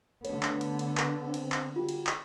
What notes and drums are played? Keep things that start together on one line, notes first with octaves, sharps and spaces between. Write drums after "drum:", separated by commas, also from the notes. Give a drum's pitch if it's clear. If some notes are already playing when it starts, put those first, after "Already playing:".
D3 A3 B3 A4 C#5, drum: cymbal
drum: clap
drum: cymbal
drum: cymbal
drum: clap
C4
drum: cymbal
drum: clap
D3 F#3 G3 F4
drum: cymbal
drum: clap